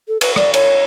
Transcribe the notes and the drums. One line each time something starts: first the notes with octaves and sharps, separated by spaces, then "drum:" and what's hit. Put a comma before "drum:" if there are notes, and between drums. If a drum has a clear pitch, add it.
A4
B4, drum: cymbal
D5, drum: rim click
C#5, drum: cymbal